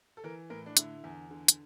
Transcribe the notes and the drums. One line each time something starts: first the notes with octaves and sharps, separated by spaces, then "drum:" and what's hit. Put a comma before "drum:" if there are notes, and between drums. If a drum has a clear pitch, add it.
A4
E3 A#4
A2 A#4
D4
D3 E4, drum: hi-hat
E2
D3
drum: hi-hat